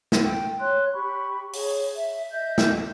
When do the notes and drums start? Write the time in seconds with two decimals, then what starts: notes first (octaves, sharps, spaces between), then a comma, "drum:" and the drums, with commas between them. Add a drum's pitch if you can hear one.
0.12 drum: snare
0.24 G5
0.60 C#5 C6 F#6
0.93 G4 B5 C#6
1.53 G#4 C#5, drum: open hi-hat
1.96 E5
2.31 D#5 E5 G6
2.58 drum: snare